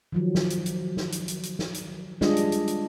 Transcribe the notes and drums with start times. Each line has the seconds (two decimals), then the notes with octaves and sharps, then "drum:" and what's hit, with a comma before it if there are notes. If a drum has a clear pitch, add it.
0.12 D#3 F3 F#3
0.35 drum: snare
0.50 drum: hi-hat
0.66 drum: hi-hat
0.97 drum: snare
1.12 drum: hi-hat
1.28 drum: hi-hat
1.43 drum: hi-hat
1.59 drum: snare
1.74 drum: hi-hat
2.21 G3 G#3 D4 F4 G#4 D#5, drum: snare
2.37 drum: hi-hat
2.52 drum: hi-hat
2.68 drum: hi-hat